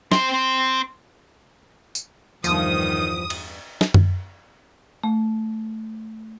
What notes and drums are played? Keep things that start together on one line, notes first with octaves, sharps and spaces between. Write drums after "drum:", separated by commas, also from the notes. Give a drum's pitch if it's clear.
C4 C5, drum: snare
drum: tambourine
E2 G2 D#3 F3 D#6, drum: tambourine
drum: cymbal
drum: snare
drum: tom F#2
A3